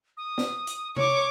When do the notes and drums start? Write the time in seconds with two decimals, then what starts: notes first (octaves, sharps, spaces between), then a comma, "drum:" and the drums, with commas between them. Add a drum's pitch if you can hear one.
0.17 D#6
0.38 drum: snare
0.67 drum: hi-hat
0.96 C#5 C#6 D6, drum: tom C3